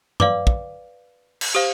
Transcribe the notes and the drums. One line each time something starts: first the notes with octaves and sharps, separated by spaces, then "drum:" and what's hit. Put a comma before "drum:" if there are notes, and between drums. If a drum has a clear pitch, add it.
B4 D5 F5 D6, drum: tom G2
drum: kick
drum: cymbal
G4 C5 F5 D#6